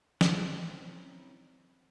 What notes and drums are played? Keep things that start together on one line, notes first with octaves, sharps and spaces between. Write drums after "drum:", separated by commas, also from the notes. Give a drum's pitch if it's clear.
C4 C#4 D#4 E4 B4, drum: snare